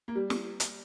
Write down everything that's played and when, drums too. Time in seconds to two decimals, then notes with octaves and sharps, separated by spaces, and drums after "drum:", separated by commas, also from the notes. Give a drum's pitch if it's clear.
0.08 A#3
0.15 G3
0.30 drum: snare
0.60 drum: hi-hat